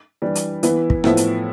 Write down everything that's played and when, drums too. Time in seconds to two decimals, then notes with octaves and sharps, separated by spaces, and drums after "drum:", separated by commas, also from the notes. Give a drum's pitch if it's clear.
0.22 E3 G3 D4
0.35 drum: hi-hat
0.63 E3 B3 E4, drum: hi-hat
0.90 drum: kick
1.04 A2 F3 B3 E4, drum: rim click
1.17 drum: hi-hat